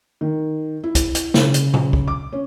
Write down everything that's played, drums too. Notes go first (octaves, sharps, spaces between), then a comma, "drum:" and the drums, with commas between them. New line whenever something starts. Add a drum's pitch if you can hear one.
D#3
E4
drum: kick, hi-hat
drum: hi-hat
C#3, drum: snare
drum: hi-hat
drum: tom A#2
drum: kick
D6
C#4